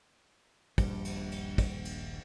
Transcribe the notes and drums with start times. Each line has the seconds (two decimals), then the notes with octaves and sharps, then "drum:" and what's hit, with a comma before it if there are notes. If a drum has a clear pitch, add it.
0.78 D#1 A#1 G2 G3, drum: kick, cymbal
1.05 drum: cymbal
1.32 drum: cymbal
1.58 drum: kick, cymbal
1.85 drum: cymbal